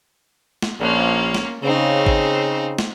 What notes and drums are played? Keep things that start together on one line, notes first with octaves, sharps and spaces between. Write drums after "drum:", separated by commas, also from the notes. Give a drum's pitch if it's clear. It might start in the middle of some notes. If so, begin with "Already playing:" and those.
drum: snare
A#1 A#3 C#4
drum: snare
C#3 C4 D#4
drum: kick G#1
drum: snare